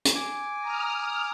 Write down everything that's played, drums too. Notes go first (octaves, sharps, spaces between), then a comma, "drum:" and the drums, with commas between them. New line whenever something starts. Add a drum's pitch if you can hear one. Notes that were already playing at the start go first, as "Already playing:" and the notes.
drum: hi-hat
G#5 D6
A#5 D#6 F6